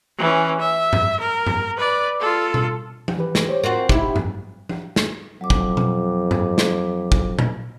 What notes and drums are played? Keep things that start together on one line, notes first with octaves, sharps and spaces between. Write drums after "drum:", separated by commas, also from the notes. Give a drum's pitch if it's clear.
E3 C#4
E5
drum: tom G2
A#4
drum: tom G2
B4 D5
F4 A4
drum: tom B2
drum: tom F3
E3 G4 B4
drum: snare
G4 C5 C#5
C4 F4 F#4 A#4
D#4 E4 G4, drum: kick
drum: tom G2
drum: tom F3
drum: snare
F2 F#3 D6
drum: kick
drum: tom B2
drum: tom G2
drum: snare
drum: kick
drum: tom A#2